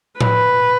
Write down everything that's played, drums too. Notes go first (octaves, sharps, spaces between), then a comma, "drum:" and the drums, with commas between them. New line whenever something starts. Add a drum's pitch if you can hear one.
B4, drum: tom A2